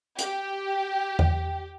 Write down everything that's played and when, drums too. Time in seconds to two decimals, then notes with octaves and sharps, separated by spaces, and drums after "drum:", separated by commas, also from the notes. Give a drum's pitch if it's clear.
0.19 G4, drum: hi-hat
1.19 drum: tom E2